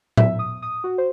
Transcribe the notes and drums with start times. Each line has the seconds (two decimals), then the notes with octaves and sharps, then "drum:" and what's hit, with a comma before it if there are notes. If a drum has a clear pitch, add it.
0.17 E5, drum: tom
0.39 D#6
0.62 D#6
0.84 F#4
0.98 C5